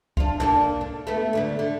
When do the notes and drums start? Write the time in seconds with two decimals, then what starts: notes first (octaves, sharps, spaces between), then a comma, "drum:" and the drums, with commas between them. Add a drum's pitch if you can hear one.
0.17 D4 F4, drum: kick
0.40 A#3 D4 A4, drum: tom
0.81 D4
1.07 A3 B3
1.33 D2 D3 B3
1.59 D3